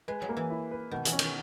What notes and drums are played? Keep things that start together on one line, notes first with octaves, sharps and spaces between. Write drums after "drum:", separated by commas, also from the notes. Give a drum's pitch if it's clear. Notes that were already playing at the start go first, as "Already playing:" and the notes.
G#3 B4
F#3
A#3
E3
E4
B4
B2 D#3
E3, drum: hi-hat
C#4
D#3, drum: cymbal